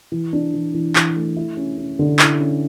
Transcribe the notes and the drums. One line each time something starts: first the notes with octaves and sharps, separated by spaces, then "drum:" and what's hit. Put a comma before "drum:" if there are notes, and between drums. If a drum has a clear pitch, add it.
E3
D4
E3
E3
E3, drum: clap
A3
E4
C#4
C#4
D3
E4, drum: clap
C#4